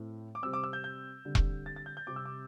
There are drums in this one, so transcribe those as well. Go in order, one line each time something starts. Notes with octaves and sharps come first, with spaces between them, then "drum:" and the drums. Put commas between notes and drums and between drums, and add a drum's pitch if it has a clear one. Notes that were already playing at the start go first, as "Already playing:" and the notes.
Already playing: A2 A3 C4
D6
C3 G3 C4 E6
D6
E6
G6
G6
D3 G3 C4
drum: kick E1
A6
A6
G6
G6
C3 G3 C4 D6
E6
D6